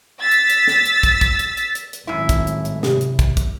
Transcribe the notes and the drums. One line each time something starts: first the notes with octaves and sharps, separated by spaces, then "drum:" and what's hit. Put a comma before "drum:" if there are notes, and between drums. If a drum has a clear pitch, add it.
E6 A6 B6
drum: hi-hat
drum: hi-hat
drum: snare
drum: hi-hat
drum: kick, hi-hat
drum: kick, hi-hat
drum: hi-hat
drum: hi-hat
drum: hi-hat
drum: hi-hat
G#1 F#2 A2 E4
drum: kick, hi-hat
drum: hi-hat
drum: hi-hat
C3 G4, drum: snare
drum: hi-hat
drum: kick, hi-hat
drum: kick, hi-hat